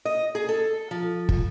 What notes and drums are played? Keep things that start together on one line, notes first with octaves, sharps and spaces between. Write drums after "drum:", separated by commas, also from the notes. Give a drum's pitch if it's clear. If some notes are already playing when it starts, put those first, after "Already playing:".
D#5
G#4
A4
F3
drum: kick